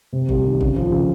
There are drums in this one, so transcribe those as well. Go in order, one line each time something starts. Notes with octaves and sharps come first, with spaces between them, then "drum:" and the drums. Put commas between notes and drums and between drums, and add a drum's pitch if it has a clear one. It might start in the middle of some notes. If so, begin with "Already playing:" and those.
C3
G3, drum: kick G#1
D#3
C#3, drum: kick G#1
F3, drum: tom G2
C#3